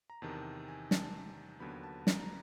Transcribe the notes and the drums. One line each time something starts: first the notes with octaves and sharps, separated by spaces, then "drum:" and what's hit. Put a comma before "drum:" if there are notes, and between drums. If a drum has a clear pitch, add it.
A#5
E2 C3 D#3 A5
G#5
A5, drum: snare
D#2 D3 F#3 B3 B5
A5
A#5, drum: snare
A#5